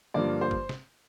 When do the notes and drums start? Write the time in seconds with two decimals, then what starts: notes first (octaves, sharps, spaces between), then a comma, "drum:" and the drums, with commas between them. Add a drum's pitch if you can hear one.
0.14 G2 D3 F3 A#3 D5
0.41 C5
0.51 drum: kick
0.69 drum: snare